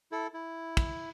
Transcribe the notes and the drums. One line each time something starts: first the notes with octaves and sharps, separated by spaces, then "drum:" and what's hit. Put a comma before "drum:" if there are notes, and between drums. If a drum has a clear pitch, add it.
E4 A4
E4
drum: kick, cymbal